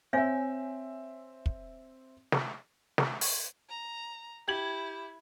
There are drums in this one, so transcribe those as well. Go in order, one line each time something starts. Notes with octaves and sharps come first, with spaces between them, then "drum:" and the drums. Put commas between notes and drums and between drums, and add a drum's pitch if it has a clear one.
C4 C#5 E5 F5 G#5
drum: kick
drum: snare
drum: snare
drum: open hi-hat
A#5
E4 G4 G#6 F#7